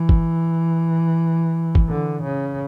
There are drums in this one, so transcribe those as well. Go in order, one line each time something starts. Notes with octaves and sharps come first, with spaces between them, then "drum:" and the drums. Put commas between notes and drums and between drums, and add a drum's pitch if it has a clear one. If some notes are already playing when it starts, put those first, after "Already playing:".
Already playing: E3
drum: kick
drum: kick
D3
C#3